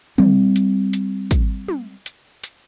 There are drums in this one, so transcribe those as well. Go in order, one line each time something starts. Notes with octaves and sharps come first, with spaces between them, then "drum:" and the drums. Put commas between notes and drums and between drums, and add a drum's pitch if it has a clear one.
G3 C4, drum: tom
drum: hi-hat
drum: hi-hat
drum: kick, hi-hat
drum: tom
drum: hi-hat
drum: hi-hat